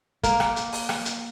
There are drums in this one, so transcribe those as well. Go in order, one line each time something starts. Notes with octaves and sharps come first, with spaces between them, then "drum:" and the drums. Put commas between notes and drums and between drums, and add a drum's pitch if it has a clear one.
A#3, drum: kick, hi-hat
drum: rim click
drum: hi-hat
drum: open hi-hat
drum: rim click
drum: hi-hat